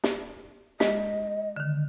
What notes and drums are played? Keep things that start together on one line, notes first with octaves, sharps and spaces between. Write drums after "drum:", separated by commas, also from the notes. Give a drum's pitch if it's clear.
drum: snare
G#3 D#5, drum: snare
D3 D#3